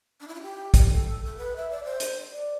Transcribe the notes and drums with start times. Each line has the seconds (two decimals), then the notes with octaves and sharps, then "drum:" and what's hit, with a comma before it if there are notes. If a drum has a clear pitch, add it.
0.20 D4
0.28 E4
0.35 F4
0.42 G4
0.74 drum: kick, hi-hat
0.90 A4
1.25 A4
1.37 B4
1.56 E5
1.70 D5
1.84 C5
2.00 drum: hi-hat
2.31 D5